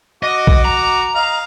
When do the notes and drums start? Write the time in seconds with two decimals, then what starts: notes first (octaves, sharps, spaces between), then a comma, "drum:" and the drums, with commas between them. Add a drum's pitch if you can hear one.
0.23 F#4 D#5 D6
0.47 drum: kick
0.65 A#5
1.15 D#5 F5